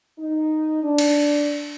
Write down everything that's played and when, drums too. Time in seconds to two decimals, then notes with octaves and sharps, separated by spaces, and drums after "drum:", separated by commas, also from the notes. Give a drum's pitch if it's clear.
0.19 D#4
0.83 D4
0.98 drum: cymbal